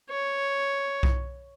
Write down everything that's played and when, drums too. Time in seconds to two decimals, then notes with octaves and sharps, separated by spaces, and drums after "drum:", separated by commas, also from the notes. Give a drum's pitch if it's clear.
0.10 C#5
1.03 drum: kick B1